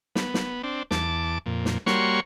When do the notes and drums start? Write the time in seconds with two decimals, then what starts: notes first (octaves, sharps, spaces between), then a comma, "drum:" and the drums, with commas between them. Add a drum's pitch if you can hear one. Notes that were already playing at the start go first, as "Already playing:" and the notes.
0.15 B3, drum: snare
0.34 drum: snare
0.63 C4 D4
0.91 E2 A5 D6, drum: snare
1.46 F2 A#2
1.65 drum: snare
1.86 G3 A#3 F#4 C#5 C6 C#6, drum: snare